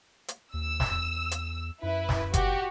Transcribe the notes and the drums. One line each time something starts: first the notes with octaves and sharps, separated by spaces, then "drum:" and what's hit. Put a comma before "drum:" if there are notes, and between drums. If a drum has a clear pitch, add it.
drum: hi-hat
D#2 E6
drum: snare
E2
drum: hi-hat
F#2 E4 B4
drum: snare
F#1 F#4 G4, drum: kick F#1, hi-hat